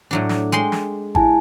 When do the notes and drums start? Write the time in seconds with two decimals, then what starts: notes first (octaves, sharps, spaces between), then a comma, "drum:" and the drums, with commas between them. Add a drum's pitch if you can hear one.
0.11 A2 F#3 D4
0.29 drum: snare
0.52 G#3 G5 C6
0.72 drum: snare
1.15 E4 G#5 A5, drum: kick G#1